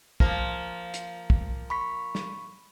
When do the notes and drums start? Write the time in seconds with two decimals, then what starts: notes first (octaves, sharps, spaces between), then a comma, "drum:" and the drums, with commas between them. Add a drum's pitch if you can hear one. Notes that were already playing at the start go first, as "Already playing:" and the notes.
0.20 F3 A#3 A#4, drum: kick
0.94 drum: hi-hat
1.30 drum: kick
1.70 B5 C#6 B6
2.15 drum: snare